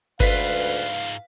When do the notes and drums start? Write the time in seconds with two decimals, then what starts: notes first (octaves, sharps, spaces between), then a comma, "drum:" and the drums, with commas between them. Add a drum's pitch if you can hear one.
0.20 D2 G#2 F4 B4 F5 B6, drum: kick G1, hi-hat
0.45 drum: hi-hat
0.69 drum: hi-hat
0.94 drum: hi-hat